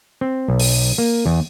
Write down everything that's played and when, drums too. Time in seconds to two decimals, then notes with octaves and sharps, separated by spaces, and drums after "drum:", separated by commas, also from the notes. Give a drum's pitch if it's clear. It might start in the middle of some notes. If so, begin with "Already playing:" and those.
0.21 C4
0.48 B1
0.60 drum: open hi-hat
0.98 A#3
1.26 E2